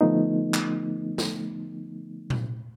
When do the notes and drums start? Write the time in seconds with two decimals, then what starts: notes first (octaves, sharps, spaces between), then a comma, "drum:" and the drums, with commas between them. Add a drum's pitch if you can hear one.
0.01 D3 F3 A3 B3 D#4
0.54 drum: clap
1.18 drum: snare
2.30 drum: tom A#2